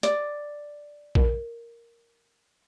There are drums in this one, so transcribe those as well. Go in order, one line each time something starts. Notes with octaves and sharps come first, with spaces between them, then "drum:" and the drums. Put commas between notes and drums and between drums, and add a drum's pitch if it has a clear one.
D5, drum: hi-hat
A#4, drum: kick A#1